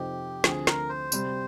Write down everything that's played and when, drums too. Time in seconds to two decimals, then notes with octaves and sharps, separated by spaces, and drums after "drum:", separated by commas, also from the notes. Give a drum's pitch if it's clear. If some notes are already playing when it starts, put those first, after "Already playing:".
Already playing: F2 C3 F3 C4 D#4 G4
0.44 D2 D3 F3 C4 G#4, drum: snare
0.67 A#4, drum: snare
0.89 C5
1.12 C3 G3 C4, drum: tambourine